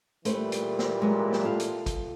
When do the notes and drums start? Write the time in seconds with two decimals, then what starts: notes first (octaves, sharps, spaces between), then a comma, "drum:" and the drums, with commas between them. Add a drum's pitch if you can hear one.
0.25 A#2 E3 G3 A3 B4 C5, drum: hi-hat
0.52 drum: hi-hat
0.79 drum: snare
1.01 F#3 G#3 A#4
1.33 drum: snare
1.43 B3 F4 A4
1.60 drum: hi-hat
1.86 drum: kick, hi-hat